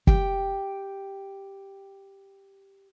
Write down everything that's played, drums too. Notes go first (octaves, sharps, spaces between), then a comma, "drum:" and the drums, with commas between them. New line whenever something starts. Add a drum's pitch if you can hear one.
G4 G5, drum: kick